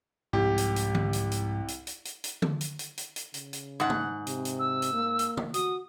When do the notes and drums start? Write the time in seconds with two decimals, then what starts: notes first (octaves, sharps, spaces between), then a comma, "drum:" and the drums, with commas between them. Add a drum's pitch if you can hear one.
0.33 C2 G#2 F3 G4
0.58 drum: hi-hat
0.76 drum: hi-hat
0.95 drum: tom D3
1.13 drum: hi-hat
1.31 drum: hi-hat
1.68 drum: hi-hat
1.87 drum: hi-hat
2.05 drum: hi-hat
2.24 drum: hi-hat
2.42 drum: tom D3
2.61 drum: hi-hat
2.79 drum: hi-hat
2.98 drum: hi-hat
3.16 drum: hi-hat
3.34 C#3, drum: hi-hat
3.53 drum: hi-hat
3.80 G#2 F#5
3.90 drum: tom
4.27 C3, drum: hi-hat
4.45 drum: hi-hat
4.59 E6
4.82 drum: hi-hat
4.93 A#3
5.19 drum: hi-hat
5.37 drum: tom
5.54 F#4 D#6, drum: hi-hat